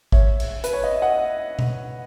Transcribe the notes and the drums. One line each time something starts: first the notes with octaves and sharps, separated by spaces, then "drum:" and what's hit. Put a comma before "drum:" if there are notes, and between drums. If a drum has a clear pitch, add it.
C#5 E5, drum: kick G#1
drum: cymbal
B4, drum: hi-hat
C#5
D#5
E5
D#5 F#5
drum: tom B2